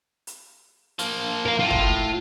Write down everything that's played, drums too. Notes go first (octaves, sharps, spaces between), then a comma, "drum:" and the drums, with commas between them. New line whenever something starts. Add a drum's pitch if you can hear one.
drum: hi-hat
F3 A#3, drum: hi-hat
A#4 F5
A2 F4
drum: kick